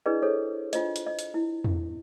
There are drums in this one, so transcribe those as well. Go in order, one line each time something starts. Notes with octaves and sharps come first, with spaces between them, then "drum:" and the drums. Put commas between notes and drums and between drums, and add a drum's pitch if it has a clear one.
D4 E4 G#4 B4 D5 D#5
G#4 A4 C5 C#5
D4 F4 C5 D#5, drum: hi-hat
drum: hi-hat
D#5
drum: hi-hat
E4
drum: tom E2